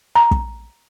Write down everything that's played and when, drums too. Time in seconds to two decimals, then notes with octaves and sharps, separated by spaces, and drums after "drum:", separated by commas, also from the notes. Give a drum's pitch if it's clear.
0.16 A#5
0.31 drum: kick